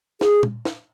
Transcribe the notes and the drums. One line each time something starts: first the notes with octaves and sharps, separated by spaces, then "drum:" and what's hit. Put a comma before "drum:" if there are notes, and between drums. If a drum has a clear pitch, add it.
G#4, drum: snare
drum: tom A#2
drum: snare